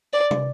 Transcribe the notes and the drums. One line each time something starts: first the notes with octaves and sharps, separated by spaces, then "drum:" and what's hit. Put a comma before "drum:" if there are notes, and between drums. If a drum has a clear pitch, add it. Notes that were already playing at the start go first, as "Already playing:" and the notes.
D5
drum: tom